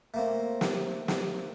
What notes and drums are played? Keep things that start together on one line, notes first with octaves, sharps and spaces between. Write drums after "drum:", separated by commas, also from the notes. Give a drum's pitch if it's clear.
A3 A#3 C4
drum: snare
drum: snare